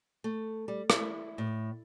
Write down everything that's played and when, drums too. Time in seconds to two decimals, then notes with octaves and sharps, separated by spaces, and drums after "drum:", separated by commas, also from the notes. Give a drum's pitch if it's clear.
0.24 A3
0.68 G3
0.90 E4, drum: rim click
1.38 A2